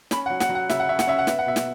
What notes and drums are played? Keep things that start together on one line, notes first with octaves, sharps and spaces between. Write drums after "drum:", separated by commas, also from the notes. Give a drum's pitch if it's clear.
C#4 B5, drum: snare
F#5
F#3
F#5, drum: snare
F#3
F#5
C#3 E5, drum: snare
F#5
C#4 E5
F#5, drum: snare
C#4 E5
F#5
B3 E5, drum: snare
F#5
B2 E5
drum: snare